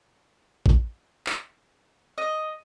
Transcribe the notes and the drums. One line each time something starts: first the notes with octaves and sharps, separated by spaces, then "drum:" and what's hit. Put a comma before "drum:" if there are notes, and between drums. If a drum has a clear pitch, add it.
drum: kick
drum: clap
D#5